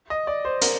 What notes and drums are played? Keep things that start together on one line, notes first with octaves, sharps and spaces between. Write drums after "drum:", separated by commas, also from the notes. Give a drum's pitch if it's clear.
D#5
D5
C5
A#4, drum: hi-hat